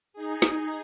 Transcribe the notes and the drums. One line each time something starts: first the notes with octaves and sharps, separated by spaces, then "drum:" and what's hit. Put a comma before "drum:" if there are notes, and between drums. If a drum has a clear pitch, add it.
D#4 G#4
drum: snare